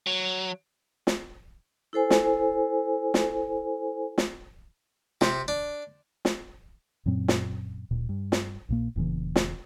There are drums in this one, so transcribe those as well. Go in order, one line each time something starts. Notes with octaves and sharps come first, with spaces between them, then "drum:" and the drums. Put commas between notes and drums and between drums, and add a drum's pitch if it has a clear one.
F#3
drum: snare
E4 A4 C5 G#5
drum: snare
drum: snare
drum: snare
C3, drum: snare
D4
drum: snare
F#2 A#2 F#3 C4
drum: snare
D1 A#2
G2
drum: snare
A#1 A#2 A#3
E1 A#2 C#3 E3
drum: snare